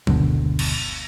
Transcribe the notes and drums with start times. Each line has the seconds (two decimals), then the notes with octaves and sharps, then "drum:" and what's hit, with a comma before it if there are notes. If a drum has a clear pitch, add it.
0.07 F#1 D2 B2 D3, drum: tom F#3
0.59 drum: cymbal